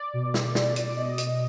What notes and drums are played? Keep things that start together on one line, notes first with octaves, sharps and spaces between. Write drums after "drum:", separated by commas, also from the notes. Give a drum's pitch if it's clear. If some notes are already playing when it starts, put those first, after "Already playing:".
Already playing: D5
B2
drum: snare
drum: snare
drum: hi-hat
B2 D#5
drum: hi-hat